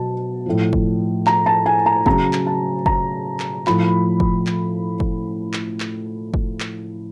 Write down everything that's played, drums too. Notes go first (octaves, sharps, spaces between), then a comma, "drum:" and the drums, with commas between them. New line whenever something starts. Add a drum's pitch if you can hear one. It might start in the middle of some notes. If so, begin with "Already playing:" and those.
Already playing: B2 F#3 A5
A2 F3
drum: kick
A#5, drum: clap
A5
G#5
A#5
C#3 F#3 A#5, drum: kick
drum: clap
A5
A#5, drum: kick
drum: clap
A2 F3 B5, drum: clap
drum: kick
drum: clap
drum: kick
drum: clap
drum: clap
drum: kick
drum: clap